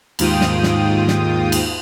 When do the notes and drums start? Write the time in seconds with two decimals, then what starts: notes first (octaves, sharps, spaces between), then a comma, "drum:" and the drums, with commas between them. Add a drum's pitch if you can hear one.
0.19 D#2 G#2 F4 G5 D#6, drum: cymbal
0.41 drum: snare
0.63 drum: snare
1.08 drum: snare
1.52 drum: cymbal